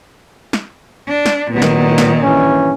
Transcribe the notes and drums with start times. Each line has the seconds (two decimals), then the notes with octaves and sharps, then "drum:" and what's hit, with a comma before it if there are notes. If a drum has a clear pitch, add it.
0.53 drum: snare
1.08 D4
1.26 drum: snare
1.52 C2 A#2 D#3 F#3 B3
1.62 drum: snare
1.98 drum: snare
2.22 G2 E3 C#4